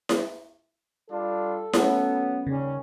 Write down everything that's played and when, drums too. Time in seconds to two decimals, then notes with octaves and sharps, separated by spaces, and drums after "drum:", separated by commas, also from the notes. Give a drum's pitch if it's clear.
0.09 drum: snare E4
1.09 G3 D4 F4 A4
1.73 F#3 A3 B3 C#4, drum: snare E4
2.47 D#2 C#3 G3 C#4